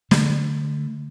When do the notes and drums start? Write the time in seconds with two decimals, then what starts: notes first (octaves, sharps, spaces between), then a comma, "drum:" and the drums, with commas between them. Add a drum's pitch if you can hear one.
0.11 D3 A3, drum: snare